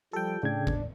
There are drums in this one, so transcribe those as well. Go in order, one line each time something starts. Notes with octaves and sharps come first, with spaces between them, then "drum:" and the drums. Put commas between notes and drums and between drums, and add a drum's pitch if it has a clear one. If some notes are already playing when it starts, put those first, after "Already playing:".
F3 G3 A4 G5
A2 C#3 D4 G#6
drum: kick G1